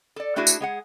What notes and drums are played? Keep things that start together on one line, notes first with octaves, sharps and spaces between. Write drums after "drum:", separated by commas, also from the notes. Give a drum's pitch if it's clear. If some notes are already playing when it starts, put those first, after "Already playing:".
A4 D5
A3 D4 E4 F#4 G#4
drum: tambourine
G#3 G#4 F#5